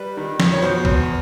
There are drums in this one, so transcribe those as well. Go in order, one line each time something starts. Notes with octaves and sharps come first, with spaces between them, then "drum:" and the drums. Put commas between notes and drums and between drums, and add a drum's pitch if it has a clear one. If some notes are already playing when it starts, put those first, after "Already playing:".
Already playing: G3 B4
D#3
F2, drum: snare
C#5
B2 C5
E2, drum: kick